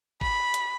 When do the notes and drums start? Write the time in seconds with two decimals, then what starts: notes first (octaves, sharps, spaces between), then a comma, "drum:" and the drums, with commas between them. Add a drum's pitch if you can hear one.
0.21 B5, drum: kick
0.54 drum: hi-hat